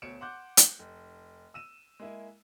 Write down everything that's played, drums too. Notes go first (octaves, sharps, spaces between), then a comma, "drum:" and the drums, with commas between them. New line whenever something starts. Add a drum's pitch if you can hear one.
D2 B2 C#5 C#7 D7 E7
F#5 C6 D6 F#6 G6
drum: hi-hat
F1
E6 D#7 E7
G#3 A#3 E4